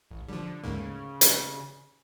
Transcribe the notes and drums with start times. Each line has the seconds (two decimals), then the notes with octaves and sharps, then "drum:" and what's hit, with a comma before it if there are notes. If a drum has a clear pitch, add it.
0.11 A1
0.28 D3 F3 G3
0.64 D2 G#2 C#3 A#3
1.21 drum: hi-hat